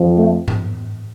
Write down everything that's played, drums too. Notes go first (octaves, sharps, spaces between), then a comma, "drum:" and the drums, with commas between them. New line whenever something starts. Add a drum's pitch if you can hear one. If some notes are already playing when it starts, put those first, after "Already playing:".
Already playing: F2 F3
A3
drum: tom G2